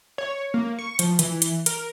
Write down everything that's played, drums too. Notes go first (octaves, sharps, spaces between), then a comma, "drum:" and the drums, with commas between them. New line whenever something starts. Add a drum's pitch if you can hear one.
C#5
A#3
C#6
F3, drum: hi-hat
E3, drum: hi-hat
drum: hi-hat
A#4, drum: hi-hat